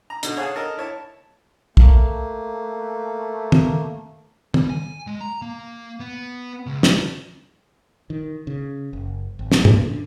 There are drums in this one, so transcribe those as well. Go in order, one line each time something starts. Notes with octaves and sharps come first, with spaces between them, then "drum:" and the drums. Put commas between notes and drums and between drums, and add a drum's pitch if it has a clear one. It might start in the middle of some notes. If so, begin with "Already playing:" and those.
A#5
B2 D3 D#4, drum: hi-hat
G#4 C#5 F5 F#5 G#5 A5
A4 A#4 D#5 A5
E4 C#5 A5
A3 A#3, drum: kick
drum: tom
G3, drum: tom
G#5
G#3
A#5
A#3
B3
C#2
drum: snare
D#3
C#3
F#1
G#1
drum: snare
C#3, drum: tom
D3